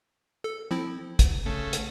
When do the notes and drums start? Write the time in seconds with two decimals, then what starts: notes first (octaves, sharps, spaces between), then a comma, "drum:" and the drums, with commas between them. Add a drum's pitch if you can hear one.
0.44 A4
0.71 F3 C4 E4
1.19 drum: kick, hi-hat
1.46 C#3 A3
1.73 drum: hi-hat